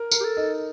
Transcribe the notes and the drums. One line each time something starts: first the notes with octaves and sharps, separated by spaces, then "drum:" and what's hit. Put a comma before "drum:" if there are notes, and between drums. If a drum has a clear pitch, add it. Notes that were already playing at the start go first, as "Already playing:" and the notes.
Already playing: A#4
A#4, drum: tambourine
G4
A4
D#4